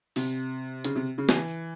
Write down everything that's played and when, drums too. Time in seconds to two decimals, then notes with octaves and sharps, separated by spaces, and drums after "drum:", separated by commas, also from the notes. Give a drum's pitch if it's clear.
0.16 C3, drum: open hi-hat
0.84 C#3, drum: hi-hat
0.95 C3
1.18 C#3
1.29 E3, drum: snare
1.48 drum: tambourine